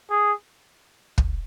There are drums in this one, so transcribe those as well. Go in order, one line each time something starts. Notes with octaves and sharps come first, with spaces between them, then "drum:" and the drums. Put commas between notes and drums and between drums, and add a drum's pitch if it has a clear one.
G#4
drum: kick